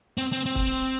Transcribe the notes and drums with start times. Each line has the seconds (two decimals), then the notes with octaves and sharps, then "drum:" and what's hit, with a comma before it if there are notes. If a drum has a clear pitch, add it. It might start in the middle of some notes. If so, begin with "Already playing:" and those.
0.18 C4
0.32 C4
0.46 C4
0.55 drum: kick